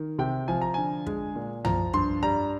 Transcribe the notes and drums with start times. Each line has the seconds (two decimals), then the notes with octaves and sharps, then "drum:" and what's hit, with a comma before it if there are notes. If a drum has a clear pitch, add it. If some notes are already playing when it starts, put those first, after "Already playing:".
Already playing: D#3
0.19 C3 G5
0.48 F3 G#5
0.61 A#5
0.74 D3 G#5
1.06 G#3, drum: kick
1.36 A#2
1.65 F3 A#5, drum: tom
1.93 G2 C6, drum: kick
2.23 G3 A#5